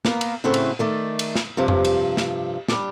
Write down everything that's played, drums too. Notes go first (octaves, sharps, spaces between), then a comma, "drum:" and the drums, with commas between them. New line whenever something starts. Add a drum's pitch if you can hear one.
A#3 B3 A#4, drum: snare
drum: cymbal
A2 C#3 A3 C4 E4 F#4
drum: cymbal
D#3 A3 D5
drum: cymbal
drum: snare
G2 C3 F3
drum: tom F2
drum: cymbal
drum: snare
G3 D4, drum: snare